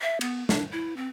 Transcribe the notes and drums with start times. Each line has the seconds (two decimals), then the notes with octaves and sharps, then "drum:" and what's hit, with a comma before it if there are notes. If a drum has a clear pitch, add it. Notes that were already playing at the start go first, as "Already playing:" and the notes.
0.01 E5
0.21 B3, drum: cymbal
0.49 D4, drum: snare
0.72 E4
0.97 C4